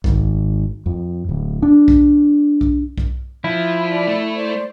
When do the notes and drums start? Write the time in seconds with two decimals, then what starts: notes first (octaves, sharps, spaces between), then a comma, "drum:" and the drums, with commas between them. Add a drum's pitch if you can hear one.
0.04 G#1, drum: kick B1
0.86 F2
1.29 D1
1.62 D4
1.88 drum: kick B1
2.61 drum: kick B1
2.98 drum: kick B1
3.44 F3 E4
3.88 D5
4.07 A3
4.35 C5 D5